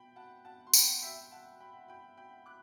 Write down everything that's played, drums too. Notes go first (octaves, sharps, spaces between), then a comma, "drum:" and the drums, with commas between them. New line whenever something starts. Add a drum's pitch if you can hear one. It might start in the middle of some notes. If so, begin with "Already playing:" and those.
Already playing: B2 G5 B5
F#5 A5
F#5 A5
C6
G5 B5, drum: tambourine
E5 G5
F#5 A5
G5 B5
G5 B5
G5 B5
D6 F#6